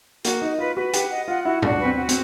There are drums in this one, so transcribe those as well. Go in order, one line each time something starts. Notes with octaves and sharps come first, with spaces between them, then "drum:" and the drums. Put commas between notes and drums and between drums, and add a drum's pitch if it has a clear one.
A#3 F#4, drum: hi-hat
D#4 D#5
F4 B4
F#4 B4
G4 F#5, drum: hi-hat
D#5
F4 F#5
E4 F#4
D4 F#4, drum: tom A2
C4 B4
F#4
C4, drum: hi-hat